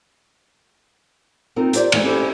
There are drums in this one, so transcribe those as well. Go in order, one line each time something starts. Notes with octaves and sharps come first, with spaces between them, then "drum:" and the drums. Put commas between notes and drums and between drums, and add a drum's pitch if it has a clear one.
C4 D#4 F4 A#4
F4 G4 C5 D5, drum: hi-hat
D#2 G#2 E3 A3 E4 E5, drum: cymbal
C#4 E4 G4 A4 C5